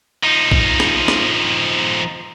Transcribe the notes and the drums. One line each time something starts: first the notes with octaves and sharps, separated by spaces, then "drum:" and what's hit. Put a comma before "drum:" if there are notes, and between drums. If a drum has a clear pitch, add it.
F3 D#4
drum: kick A#1
drum: snare
drum: snare